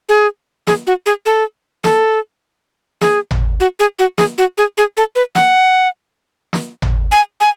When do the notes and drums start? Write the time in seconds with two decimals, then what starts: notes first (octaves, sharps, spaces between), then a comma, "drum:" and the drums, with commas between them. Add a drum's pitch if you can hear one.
0.09 G#4
0.67 G#4, drum: snare
0.87 F#4
1.06 G#4
1.26 A4
1.84 A4, drum: snare
3.01 G#4, drum: snare
3.31 drum: tom G#1
3.60 F#4
3.80 G#4
3.99 F#4
4.18 G#4, drum: snare
4.38 F#4
4.58 G#4
4.78 G#4
4.97 A4
5.16 B4
5.35 F#5, drum: snare
6.53 drum: snare
6.82 drum: tom G#1
7.12 G#5
7.41 G#5